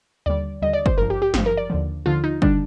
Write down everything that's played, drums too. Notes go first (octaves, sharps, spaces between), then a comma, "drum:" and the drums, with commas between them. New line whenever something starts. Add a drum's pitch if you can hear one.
D#2 D3 G3 D5
D#2 D3 G3 D#5
D5
C5, drum: kick
G#1 G2 F3 A#4
G4
G4
G#1 G2 F3, drum: snare
A#4
D5
D#2 D3 F3
D#2 D3 F3 F4
D#4
D3 G3 D4, drum: kick